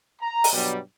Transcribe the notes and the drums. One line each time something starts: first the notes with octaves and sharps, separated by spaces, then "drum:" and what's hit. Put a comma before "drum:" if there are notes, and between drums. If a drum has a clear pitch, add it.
A#5
drum: open hi-hat
G2 B2 F#3 G3